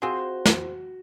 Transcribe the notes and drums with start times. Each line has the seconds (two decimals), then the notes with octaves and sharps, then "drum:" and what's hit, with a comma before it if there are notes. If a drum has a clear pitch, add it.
0.02 C4 F4 F#4 G#4 C5
0.46 drum: snare